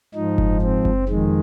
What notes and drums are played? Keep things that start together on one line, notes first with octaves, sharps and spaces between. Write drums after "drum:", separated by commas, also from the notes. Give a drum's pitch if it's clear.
G#2 F3 D#4
drum: kick F#1
C4
drum: kick F#1
F2 D#3 G#3